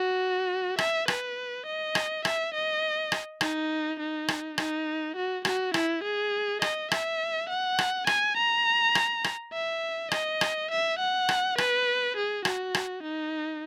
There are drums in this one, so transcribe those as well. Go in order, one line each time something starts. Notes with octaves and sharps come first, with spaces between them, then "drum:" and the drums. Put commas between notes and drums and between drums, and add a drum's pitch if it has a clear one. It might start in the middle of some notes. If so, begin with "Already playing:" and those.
Already playing: F#4
E5, drum: rim click
B4, drum: rim click
D#5
drum: rim click
E5, drum: rim click
D#5
drum: rim click
D#4, drum: rim click
D#4
drum: rim click
D#4, drum: rim click
F#4
F#4, drum: rim click
E4, drum: rim click
G#4
D#5, drum: rim click
E5, drum: rim click
F#5
drum: rim click
G#5, drum: rim click
A#5
drum: rim click
drum: rim click
E5
D#5, drum: rim click
drum: rim click
E5
F#5
drum: rim click
B4, drum: rim click
G#4
F#4, drum: rim click
drum: rim click
D#4